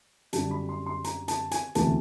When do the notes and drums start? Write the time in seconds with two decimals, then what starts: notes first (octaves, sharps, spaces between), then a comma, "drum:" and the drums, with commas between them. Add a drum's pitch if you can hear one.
0.33 F#2 D3 G3 A5, drum: hi-hat
0.51 B5
0.69 C6
0.86 C6
1.04 A#5, drum: hi-hat
1.28 A5, drum: hi-hat
1.51 G#5, drum: hi-hat
1.75 E1 D2 C3 E3 A3 A5, drum: hi-hat